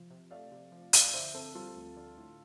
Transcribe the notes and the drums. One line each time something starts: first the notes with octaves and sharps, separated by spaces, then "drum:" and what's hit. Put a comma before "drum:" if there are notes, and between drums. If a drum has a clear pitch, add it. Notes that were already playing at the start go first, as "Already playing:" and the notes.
Already playing: C3 F3
C3
A3 D5 F5
C3
F3
D2 D5 F5, drum: hi-hat
D3 C5 E5
C4 A4 C5
G3 F4 A4
D2
D3
A2